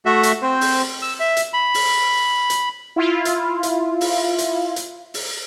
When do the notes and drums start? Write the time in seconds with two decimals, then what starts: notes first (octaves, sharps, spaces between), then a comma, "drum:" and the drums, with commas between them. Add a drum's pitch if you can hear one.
0.06 A3 F#4 E5
0.23 drum: hi-hat
0.42 C4 C5
0.61 drum: open hi-hat
1.02 E6
1.20 E5
1.37 drum: hi-hat
1.53 B5
1.74 drum: open hi-hat
2.50 drum: hi-hat
2.96 E4 F4
3.25 drum: hi-hat
3.63 drum: hi-hat
4.01 drum: open hi-hat
4.38 drum: hi-hat
4.76 drum: hi-hat
5.14 drum: open hi-hat